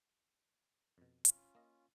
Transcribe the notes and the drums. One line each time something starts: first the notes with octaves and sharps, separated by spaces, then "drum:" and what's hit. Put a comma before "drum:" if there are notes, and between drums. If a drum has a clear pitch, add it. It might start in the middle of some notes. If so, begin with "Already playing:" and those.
F2 B2
C#4 F4, drum: hi-hat
A#3 D#5